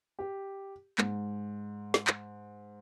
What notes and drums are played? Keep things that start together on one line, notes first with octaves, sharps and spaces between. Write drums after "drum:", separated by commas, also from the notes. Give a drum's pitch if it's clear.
G4
G#2, drum: clap
drum: snare
drum: clap